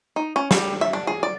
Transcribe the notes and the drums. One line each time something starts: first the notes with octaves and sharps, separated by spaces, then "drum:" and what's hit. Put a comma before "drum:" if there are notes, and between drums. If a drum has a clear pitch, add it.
D#4
C#4
G3, drum: snare
E5
D4
G#4
D5